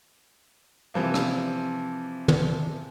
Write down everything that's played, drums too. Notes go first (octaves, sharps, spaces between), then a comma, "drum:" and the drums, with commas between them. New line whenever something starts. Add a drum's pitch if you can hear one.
C3 E3 F3 A#3
drum: rim click
drum: tom